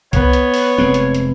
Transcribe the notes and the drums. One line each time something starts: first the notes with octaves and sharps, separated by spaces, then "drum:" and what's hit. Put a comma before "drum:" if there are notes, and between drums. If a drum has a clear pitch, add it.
B3 C#5, drum: kick C2, hi-hat
drum: hi-hat
drum: open hi-hat
F1 G#3 C4
drum: hi-hat
drum: hi-hat